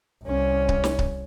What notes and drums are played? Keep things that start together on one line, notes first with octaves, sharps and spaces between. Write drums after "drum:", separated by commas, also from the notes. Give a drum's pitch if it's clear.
C2 C#4
drum: kick C#1
drum: snare
drum: kick C#1